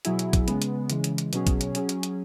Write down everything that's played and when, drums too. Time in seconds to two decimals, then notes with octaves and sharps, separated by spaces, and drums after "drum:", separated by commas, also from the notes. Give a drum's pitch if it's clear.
0.05 B2 F#3 E4 G#4, drum: hi-hat
0.19 drum: hi-hat
0.33 drum: kick A#1, hi-hat
0.48 C#3 G#3 B3, drum: hi-hat
0.62 drum: hi-hat
0.90 C#3 E3 G#3, drum: hi-hat
1.04 drum: hi-hat
1.18 drum: hi-hat
1.33 B2 F#3 C#4 G#4, drum: hi-hat
1.47 drum: kick A#1, hi-hat
1.61 drum: hi-hat
1.75 F#3 C#4 G#4, drum: hi-hat
1.89 drum: hi-hat
2.03 drum: hi-hat